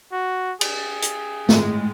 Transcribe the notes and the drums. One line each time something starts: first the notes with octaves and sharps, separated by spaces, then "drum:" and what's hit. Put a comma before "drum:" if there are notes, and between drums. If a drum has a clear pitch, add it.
F#4
G#4, drum: cymbal
drum: hi-hat
A2 G#3, drum: snare